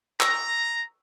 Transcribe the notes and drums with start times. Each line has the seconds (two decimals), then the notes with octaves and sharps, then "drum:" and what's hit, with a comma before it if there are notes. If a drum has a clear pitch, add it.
0.21 A#5 C#6 E6, drum: clap